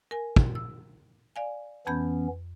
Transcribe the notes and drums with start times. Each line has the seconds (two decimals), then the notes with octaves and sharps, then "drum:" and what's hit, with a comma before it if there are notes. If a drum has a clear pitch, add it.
0.11 A#4 G#5
0.36 drum: kick
0.55 E6
1.36 D5 F5 G#5
1.87 F2 E3 B3 C#4 B5 G6